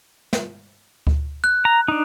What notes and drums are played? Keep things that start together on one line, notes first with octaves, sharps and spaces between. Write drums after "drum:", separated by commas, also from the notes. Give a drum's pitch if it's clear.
drum: snare
drum: kick D2
F#6
A#5
D4 D#4